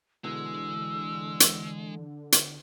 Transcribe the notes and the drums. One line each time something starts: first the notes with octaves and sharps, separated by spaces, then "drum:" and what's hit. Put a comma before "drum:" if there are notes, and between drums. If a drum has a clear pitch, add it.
E2 B2 D3 E3 G#3 E6
drum: hi-hat
drum: hi-hat